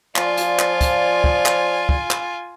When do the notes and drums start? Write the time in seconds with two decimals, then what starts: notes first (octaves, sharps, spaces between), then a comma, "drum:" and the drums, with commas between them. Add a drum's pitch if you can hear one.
0.16 F3 F4 D5 G#5, drum: clap
0.38 drum: hi-hat
0.59 drum: clap
0.81 drum: kick, hi-hat
1.24 drum: kick
1.46 drum: clap
1.89 drum: kick
2.11 drum: clap